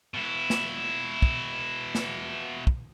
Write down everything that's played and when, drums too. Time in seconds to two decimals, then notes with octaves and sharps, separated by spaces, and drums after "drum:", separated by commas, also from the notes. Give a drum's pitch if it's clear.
0.14 B2 E4
0.50 drum: snare
1.22 drum: kick
1.95 drum: snare
2.67 drum: kick